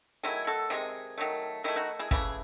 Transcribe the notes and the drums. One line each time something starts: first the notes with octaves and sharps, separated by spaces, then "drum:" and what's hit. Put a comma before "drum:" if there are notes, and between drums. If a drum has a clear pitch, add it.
D#3 F#3 A3 E4 G#4
F#4 A4
C3 D#3 G#3 G#4
D#3 F#3 A3
D#3 A3 E4 G#4
D#4 F#4
E4 G#4
C#3 E3 A3 E4 G#4, drum: kick